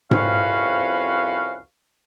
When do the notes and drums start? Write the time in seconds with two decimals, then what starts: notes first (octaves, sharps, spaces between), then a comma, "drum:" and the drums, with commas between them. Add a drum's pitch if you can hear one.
0.11 C2 F2 C#4 F#4 B4 F5, drum: tom G#2